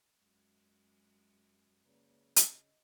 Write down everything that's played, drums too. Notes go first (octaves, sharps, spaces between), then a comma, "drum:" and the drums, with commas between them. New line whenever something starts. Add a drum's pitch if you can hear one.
F#2 G#3
C#3 A#3 B4 D5
D#5, drum: hi-hat